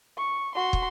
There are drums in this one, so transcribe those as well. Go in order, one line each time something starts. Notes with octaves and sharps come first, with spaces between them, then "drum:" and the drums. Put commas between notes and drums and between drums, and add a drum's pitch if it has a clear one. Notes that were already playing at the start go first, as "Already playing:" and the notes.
C#6
F#4 C6
drum: kick